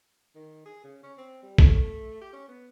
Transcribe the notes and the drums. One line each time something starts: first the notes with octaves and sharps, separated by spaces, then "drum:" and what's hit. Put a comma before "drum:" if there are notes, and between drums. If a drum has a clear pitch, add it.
D#3
G#4
C#3
C#4
C4
G3
A3, drum: kick A#1
G4
C#4
B3